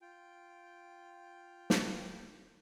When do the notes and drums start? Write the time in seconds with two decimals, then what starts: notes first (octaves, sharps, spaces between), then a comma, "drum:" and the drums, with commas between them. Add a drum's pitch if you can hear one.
0.02 F4 G5
1.70 drum: snare